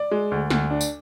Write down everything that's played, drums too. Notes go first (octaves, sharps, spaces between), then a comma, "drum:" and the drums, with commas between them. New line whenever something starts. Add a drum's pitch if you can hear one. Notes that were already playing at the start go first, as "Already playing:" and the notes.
Already playing: D5
G#3
D2
D2, drum: snare
D4
drum: tambourine